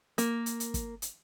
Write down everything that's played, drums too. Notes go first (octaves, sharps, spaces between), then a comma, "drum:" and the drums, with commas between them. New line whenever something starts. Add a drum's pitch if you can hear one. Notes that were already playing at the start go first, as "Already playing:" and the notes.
A#3, drum: hi-hat
drum: hi-hat
drum: hi-hat
drum: kick, hi-hat
drum: hi-hat